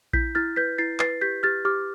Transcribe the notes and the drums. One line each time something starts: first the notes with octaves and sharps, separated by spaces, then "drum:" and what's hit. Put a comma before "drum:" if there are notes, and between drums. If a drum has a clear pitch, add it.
E4 G6 B6, drum: kick A#1
E4 F6 A6
B4 G6 B6
E4 A6 C7
B4 A6 C7, drum: clap
G4 G6 B6
G4 F6 A6
G4 D6 F6